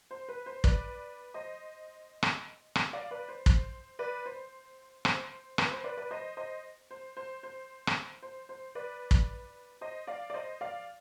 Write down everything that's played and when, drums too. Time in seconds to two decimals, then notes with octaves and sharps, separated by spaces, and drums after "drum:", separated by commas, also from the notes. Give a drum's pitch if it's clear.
0.11 C5
0.29 B4
0.46 C5
0.64 B4 D5, drum: kick
1.34 C5 D#5
2.23 drum: rim click
2.75 drum: rim click
2.93 D5 F5
3.11 B4 D5
3.28 C5
3.46 C5, drum: kick
3.99 B4 D5
4.26 C5
5.05 C5, drum: rim click
5.58 B4, drum: rim click
5.71 C5
5.84 B4 D5
5.97 B4 D5
6.11 C5 D#5
6.37 C5 D#5
6.91 C5
7.17 C5
7.43 C5
7.87 drum: rim click
8.23 C5
8.49 C5
8.75 B4 D5
9.11 drum: kick
9.81 C5 D#5
10.07 D5 F5
10.30 D5
10.34 C5 D#5
10.61 D5 F5